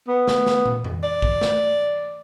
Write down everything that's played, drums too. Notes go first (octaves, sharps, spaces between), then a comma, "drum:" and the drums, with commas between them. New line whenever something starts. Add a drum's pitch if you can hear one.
B3
drum: snare
drum: snare
drum: tom
drum: tom F2
D5
drum: kick
drum: snare